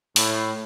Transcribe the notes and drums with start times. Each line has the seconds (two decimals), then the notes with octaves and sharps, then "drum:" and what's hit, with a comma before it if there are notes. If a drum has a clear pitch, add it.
0.16 A2, drum: open hi-hat